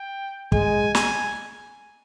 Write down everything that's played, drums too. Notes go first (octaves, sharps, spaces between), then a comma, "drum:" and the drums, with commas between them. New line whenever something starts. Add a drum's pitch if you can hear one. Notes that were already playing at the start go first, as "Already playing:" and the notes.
Already playing: G5
G#3 G#5, drum: kick
G#5, drum: snare